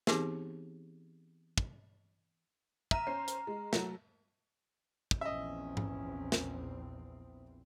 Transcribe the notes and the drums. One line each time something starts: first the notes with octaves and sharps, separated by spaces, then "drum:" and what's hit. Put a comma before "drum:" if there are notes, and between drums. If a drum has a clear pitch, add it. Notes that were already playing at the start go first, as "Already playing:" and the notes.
E3 B3 C4 D#4 G4 G#4, drum: snare
drum: kick
E5 A#5 F6 D#7, drum: kick
C#4 C5 C7
drum: hi-hat
G#3
F#3 A3, drum: snare
drum: kick
A#1 E2 C4 C#4 D#5 E5
drum: tom G#2
drum: snare